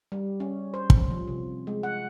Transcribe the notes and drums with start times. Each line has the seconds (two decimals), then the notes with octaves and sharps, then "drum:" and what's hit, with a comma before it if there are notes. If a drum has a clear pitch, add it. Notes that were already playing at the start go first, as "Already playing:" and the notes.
0.12 G3
0.40 C#4
0.74 C5
0.90 drum: kick
1.11 F3
1.27 C3
1.67 G#3
1.83 F#5